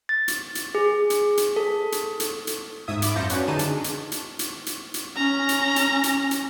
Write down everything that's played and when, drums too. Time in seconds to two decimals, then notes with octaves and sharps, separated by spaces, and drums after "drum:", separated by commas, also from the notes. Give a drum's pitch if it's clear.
0.09 A6
0.28 drum: hi-hat
0.55 drum: hi-hat
0.75 G#4
1.10 drum: hi-hat
1.37 drum: hi-hat
1.56 A4
1.92 drum: hi-hat
2.20 drum: hi-hat
2.47 drum: hi-hat
2.87 G#2 E5 D#6 G#6
3.02 B5 D6 A6, drum: hi-hat
3.16 F#2 F4 A5 G6 A#6 C#7
3.30 C#4 D4 F#4 B4 C#5, drum: hi-hat
3.47 D3 D#4 G#4 A5 D#7
3.59 D4, drum: hi-hat
3.84 drum: hi-hat
4.12 drum: hi-hat
4.39 drum: hi-hat
4.66 drum: hi-hat
4.94 drum: hi-hat
5.16 C#4 A#5
5.49 drum: hi-hat
5.76 drum: hi-hat
6.04 drum: hi-hat
6.31 drum: hi-hat